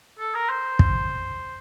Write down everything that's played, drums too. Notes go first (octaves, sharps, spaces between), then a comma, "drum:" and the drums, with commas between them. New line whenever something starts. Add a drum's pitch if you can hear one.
A4
A#4
C5
drum: kick